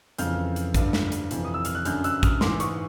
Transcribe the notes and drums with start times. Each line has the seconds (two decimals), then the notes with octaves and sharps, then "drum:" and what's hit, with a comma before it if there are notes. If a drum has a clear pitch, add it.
0.19 F2 C#3 E3 F6 G6, drum: hi-hat
0.56 drum: hi-hat
0.74 G2 D3, drum: kick, hi-hat
0.93 drum: snare
1.12 drum: hi-hat
1.31 F2 C3 E3, drum: hi-hat
1.45 D#6
1.54 E6
1.65 F6, drum: hi-hat
1.75 F#6
1.85 F#2 D3 F6 G6, drum: hi-hat
2.04 E6 F#6, drum: hi-hat
2.23 D#6 F6, drum: kick, hi-hat
2.41 G#2 E3 C6 D6, drum: snare
2.60 C#6 D#6, drum: hi-hat